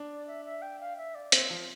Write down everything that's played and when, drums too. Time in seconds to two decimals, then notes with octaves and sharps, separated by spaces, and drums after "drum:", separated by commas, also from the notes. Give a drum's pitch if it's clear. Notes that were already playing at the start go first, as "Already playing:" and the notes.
Already playing: D4
0.10 D5
0.27 E5
0.45 E5
0.62 G5
0.80 F5
0.97 E5
1.14 D5
1.32 C4, drum: hi-hat
1.50 F3